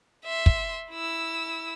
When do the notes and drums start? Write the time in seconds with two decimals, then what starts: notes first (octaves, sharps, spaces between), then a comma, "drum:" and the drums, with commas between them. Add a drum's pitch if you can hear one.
0.25 E5 C6
0.46 drum: kick
0.91 E4 E6